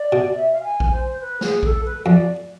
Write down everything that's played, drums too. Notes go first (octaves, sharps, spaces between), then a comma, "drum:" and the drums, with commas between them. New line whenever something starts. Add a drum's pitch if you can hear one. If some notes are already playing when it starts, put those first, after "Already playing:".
Already playing: D5
B2
E5
F5
G#5
drum: kick A#1
C5
B4
G#4, drum: snare
A4, drum: kick A#1
B4
F2 D5